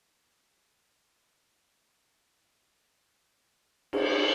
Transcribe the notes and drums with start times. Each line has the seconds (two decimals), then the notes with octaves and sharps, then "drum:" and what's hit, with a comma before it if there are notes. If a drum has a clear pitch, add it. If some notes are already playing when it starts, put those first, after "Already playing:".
0.06 G#1 B4 F#5
2.74 E3 F3 G3 A3
3.93 drum: cymbal